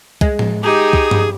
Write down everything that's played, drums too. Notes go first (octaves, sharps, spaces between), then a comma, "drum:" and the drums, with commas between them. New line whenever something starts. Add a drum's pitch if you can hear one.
G#3, drum: kick
drum: tom
D#4 G4 G#4
drum: kick
drum: tom G2